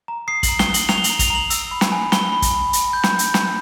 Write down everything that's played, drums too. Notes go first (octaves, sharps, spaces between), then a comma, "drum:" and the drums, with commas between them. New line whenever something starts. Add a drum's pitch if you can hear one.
A#5
D#6 C7
F#7, drum: kick, hi-hat
A#5
G7, drum: snare
D#6
F#7, drum: hi-hat
A#5 F7, drum: snare
G7
F#7, drum: hi-hat
A#5
F7, drum: kick, hi-hat
A#5 F#7
E6, drum: hi-hat
B5
drum: snare
G#5
B5 G7, drum: snare
B5
drum: kick, hi-hat
B5
B5, drum: hi-hat
G6
drum: snare
drum: hi-hat
drum: snare